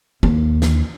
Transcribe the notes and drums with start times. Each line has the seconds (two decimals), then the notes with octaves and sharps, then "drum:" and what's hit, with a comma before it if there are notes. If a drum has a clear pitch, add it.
0.23 D#2, drum: kick
0.62 drum: snare